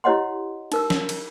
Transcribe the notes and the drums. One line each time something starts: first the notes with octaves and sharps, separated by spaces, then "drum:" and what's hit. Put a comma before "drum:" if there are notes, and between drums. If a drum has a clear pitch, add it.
E4 G4 C#5 D#5 F#5 C6
D#4 A#4 E6, drum: cymbal
drum: snare
drum: cymbal